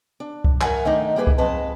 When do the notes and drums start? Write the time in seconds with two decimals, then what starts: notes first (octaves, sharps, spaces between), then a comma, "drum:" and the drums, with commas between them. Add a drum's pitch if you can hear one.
0.20 D4
0.44 drum: kick C2
0.61 A#4 E5 F#5 G#5, drum: clap
0.85 D#3 A3 D4 D#4
1.16 G3 A#3 G#4 B4 E5
1.27 drum: kick C2
1.38 F2 G#3 B4 D#5 A5